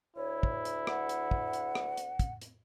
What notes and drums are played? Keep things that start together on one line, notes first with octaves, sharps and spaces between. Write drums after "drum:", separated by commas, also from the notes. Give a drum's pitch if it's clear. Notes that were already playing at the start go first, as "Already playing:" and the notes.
D2 E4 C#5
drum: kick
drum: hi-hat
F#5, drum: rim click
drum: hi-hat
drum: kick
drum: hi-hat
drum: rim click
drum: hi-hat
drum: kick, hi-hat
drum: hi-hat